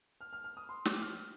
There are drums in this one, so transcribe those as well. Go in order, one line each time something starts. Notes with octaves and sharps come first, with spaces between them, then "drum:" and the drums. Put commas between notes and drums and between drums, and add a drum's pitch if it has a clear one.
F6
F6
F6
D#6
C6
D6, drum: snare
F6